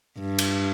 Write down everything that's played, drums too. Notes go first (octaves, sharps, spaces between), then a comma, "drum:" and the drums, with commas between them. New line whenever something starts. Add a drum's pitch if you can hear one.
G2
drum: cymbal